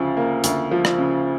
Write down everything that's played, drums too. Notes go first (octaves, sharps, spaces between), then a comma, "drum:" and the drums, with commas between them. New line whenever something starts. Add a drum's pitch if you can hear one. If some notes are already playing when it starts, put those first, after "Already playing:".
Already playing: D2 C#3 F3
A#3
D2, drum: hi-hat
F3
drum: rim click
C#3